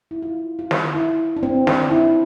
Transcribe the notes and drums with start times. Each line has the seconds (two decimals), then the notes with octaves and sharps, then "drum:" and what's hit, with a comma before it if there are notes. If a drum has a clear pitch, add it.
0.11 E4
0.22 F4
0.59 F4
0.71 drum: snare
0.95 E4
1.36 D4
1.43 C4
1.67 D4, drum: snare
1.91 E4